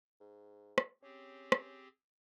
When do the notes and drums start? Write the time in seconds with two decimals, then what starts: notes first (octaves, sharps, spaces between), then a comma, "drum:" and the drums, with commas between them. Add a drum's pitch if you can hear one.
0.20 G#2
0.78 drum: rim click
1.02 C4 C#4 G4 G#4
1.52 drum: rim click